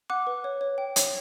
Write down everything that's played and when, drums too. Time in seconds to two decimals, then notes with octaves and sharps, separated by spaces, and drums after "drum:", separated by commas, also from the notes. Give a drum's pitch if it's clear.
0.10 F#5 D6 F#6
0.27 B4
0.44 C#5
0.61 C#5
0.78 G5
0.96 C#5, drum: hi-hat